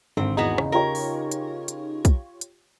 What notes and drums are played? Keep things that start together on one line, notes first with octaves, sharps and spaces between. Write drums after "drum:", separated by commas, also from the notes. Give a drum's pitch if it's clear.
G#1 D3 C4
E2 B3 D#4 F#4 G#4
C#3, drum: rim click
F4 G4 A#4 C#5
drum: open hi-hat
drum: hi-hat
drum: hi-hat
drum: kick, hi-hat
drum: hi-hat